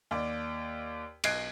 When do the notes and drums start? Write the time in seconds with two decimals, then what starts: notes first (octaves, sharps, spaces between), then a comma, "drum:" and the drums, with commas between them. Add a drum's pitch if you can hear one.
0.11 D#2 D5
1.24 B1 D#5 F#6 G#6 C7 D7, drum: cymbal